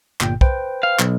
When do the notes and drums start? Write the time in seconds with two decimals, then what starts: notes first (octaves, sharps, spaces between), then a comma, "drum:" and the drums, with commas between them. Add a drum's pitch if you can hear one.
0.21 G1 A#2 G5, drum: clap
0.41 B4 C5 G5, drum: kick
0.83 F5
0.99 B1, drum: clap